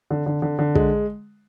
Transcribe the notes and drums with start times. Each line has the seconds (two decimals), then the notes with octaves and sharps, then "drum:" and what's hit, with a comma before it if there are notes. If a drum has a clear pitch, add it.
0.11 D3
0.26 D3
0.42 D3
0.59 D3
0.75 G#3, drum: kick